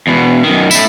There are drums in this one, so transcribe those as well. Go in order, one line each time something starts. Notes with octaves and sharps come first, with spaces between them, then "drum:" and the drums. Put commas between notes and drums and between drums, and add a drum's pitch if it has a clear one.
E2 B2
F#2 D#3
A3 E4, drum: tambourine